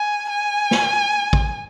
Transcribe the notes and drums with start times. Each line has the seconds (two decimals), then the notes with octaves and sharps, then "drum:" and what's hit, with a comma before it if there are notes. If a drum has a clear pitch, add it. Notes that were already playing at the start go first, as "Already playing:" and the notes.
Already playing: G#5
0.30 G#5
0.71 drum: snare
1.33 drum: kick